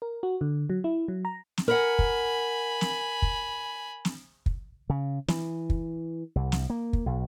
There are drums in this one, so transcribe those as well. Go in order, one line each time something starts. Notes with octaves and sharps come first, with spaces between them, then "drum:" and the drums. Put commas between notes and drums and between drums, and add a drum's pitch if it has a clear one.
A#4
F#4
D3
F#3
E4
F#3
A#5
drum: snare
A#4 F#5 G#5 B5
drum: kick
drum: snare
drum: kick
drum: snare
drum: kick
C#3
E3, drum: snare
drum: kick
C2
drum: snare
A#3
drum: kick
B1